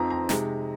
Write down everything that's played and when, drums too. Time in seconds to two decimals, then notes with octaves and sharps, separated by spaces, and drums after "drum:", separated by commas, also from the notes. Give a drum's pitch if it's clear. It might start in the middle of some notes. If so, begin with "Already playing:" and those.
Already playing: F2 F3 C4 D#4 A#5
0.10 A#5
0.29 C3 G#3 D#4, drum: snare